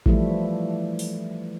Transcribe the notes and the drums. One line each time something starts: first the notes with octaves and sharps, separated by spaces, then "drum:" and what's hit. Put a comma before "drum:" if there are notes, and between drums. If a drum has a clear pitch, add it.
E3 F3 G3 A3 E4, drum: kick A1
drum: open hi-hat